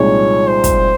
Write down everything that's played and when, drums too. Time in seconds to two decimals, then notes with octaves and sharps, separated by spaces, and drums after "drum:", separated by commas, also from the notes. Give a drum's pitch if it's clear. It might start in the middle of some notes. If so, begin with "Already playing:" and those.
Already playing: C2 A#2 F3 G#3 D#4 C#5
0.48 C5
0.64 drum: kick, hi-hat